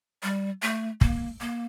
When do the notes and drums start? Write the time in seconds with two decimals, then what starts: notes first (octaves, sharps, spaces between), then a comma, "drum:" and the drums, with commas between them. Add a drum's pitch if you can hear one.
0.23 G3
0.62 A3
1.01 A#3, drum: kick
1.40 A#3